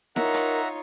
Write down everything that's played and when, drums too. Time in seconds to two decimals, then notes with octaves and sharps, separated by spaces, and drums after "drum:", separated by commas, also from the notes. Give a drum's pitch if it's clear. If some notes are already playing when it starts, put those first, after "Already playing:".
0.16 D#4 F4 A#4 C#5 E5 F#5 A#5, drum: snare E4
0.34 drum: hi-hat